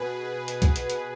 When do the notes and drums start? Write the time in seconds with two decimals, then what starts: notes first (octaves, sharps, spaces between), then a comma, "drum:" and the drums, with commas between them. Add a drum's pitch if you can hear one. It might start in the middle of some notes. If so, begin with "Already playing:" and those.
Already playing: B2 G#4 B4
0.48 drum: hi-hat
0.62 drum: kick B1, hi-hat
0.76 drum: hi-hat
0.90 drum: hi-hat